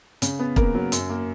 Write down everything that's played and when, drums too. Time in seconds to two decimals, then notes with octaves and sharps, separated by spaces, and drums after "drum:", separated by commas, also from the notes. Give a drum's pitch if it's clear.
0.22 C#3, drum: hi-hat
0.39 B3
0.56 C#3 A#3 A#4, drum: kick
0.75 F#3
0.92 F#2, drum: hi-hat
1.10 A#3